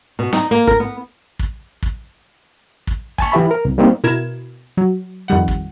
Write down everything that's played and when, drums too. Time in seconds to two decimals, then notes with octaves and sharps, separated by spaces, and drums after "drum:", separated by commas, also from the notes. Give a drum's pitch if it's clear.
0.19 B2
0.33 D#4, drum: snare
0.51 A#3
0.67 A#4, drum: kick
0.80 B3
1.39 drum: kick
1.82 drum: kick
2.87 drum: kick
3.18 G#5 A5 C#6, drum: kick
3.32 E3 G4 E5 B5
3.51 A#4
3.65 C2
3.78 G3 A#3 C4 D#4
4.04 B2 E4 A#4 G#6 E7, drum: hi-hat
4.77 F#3
5.28 F2 D#3 G3 F#5
5.48 drum: kick